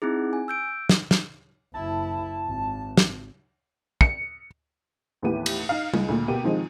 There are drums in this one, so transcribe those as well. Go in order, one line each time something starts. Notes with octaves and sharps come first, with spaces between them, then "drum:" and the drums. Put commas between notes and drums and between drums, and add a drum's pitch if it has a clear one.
C4 D#4 E4 G#4
G#5
E6 G6 D7
drum: snare
drum: snare
F#1 E4 A5
G#1
drum: snare
C#7, drum: kick
D#2 A2 E3 B3 G4 D#7
drum: cymbal
D#4 F5
C#2, drum: tom G3
D2 A#2
B2 A#3 G4 G5 D#7
D#3 F3 G#3 C4 D#4